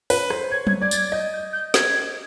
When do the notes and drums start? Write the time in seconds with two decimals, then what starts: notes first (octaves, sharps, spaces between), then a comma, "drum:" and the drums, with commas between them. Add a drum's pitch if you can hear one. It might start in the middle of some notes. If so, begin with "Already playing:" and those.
0.10 B4, drum: open hi-hat
0.30 C5, drum: rim click
0.51 C#5 G#6
0.67 G#6, drum: tom F#3
0.81 D5 G#6
0.91 A6, drum: tambourine
0.97 G#6
1.12 D#5 G6
1.33 G6
1.52 G6
1.74 G#6, drum: snare